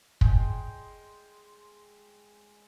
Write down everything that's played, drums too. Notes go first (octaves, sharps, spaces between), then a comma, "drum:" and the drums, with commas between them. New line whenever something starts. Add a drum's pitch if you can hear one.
G#3 G5, drum: kick